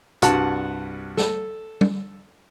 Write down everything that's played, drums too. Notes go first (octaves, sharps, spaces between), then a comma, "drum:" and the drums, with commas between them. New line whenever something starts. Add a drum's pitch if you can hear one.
C2 G2 F#4 F#5 A5, drum: hi-hat
A4, drum: snare
drum: tom G3